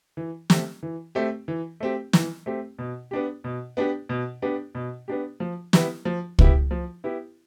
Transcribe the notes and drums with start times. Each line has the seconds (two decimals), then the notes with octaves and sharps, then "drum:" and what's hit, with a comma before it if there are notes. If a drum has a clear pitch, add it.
0.17 E3
0.50 A3 C4 G4, drum: snare
0.83 E3
1.15 A3 C4 G4
1.48 E3
1.80 A3 C4 G4
2.13 E3, drum: snare
2.46 A3 C4 G4
2.79 B2
3.11 B3 D4 G4
3.44 B2
3.77 B3 D4 G4
4.09 B2
4.42 B3 D4 G4
4.75 B2
5.08 B3 D4 G4
5.40 F3
5.73 B3 E4 G4, drum: snare
6.05 F3
6.39 B3 E4 G4, drum: kick
6.71 F3
7.04 B3 E4 G4